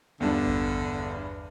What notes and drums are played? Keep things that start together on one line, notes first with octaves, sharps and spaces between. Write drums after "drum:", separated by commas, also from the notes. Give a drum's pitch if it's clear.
E2 G2 D3 D4
drum: kick A1